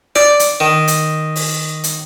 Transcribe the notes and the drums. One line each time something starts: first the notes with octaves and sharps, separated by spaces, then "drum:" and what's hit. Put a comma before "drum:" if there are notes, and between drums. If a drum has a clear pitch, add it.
D5, drum: snare
drum: hi-hat
D#3
drum: hi-hat
drum: open hi-hat
drum: hi-hat